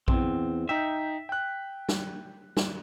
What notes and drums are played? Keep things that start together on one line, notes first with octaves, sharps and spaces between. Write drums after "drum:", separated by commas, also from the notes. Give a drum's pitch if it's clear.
E2 C4, drum: kick A#1
D#4 E5 G5
G5 F#6
drum: snare
drum: snare